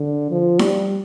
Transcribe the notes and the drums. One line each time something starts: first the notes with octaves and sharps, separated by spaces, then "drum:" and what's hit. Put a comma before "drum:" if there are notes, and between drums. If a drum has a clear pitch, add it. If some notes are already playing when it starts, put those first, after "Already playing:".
Already playing: D3
F3
G3, drum: snare D#4